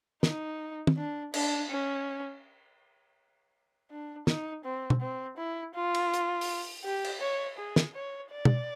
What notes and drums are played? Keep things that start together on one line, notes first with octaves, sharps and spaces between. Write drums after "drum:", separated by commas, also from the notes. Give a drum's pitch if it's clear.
D#4, drum: snare
drum: tom
D4
D4, drum: cymbal
C#4
D4
D#4, drum: snare
C4
drum: tom
C4
E4
F4
drum: cymbal
drum: hi-hat
drum: open hi-hat
G4
drum: cymbal
C#5
G#4
drum: snare
C#5
D5
drum: tom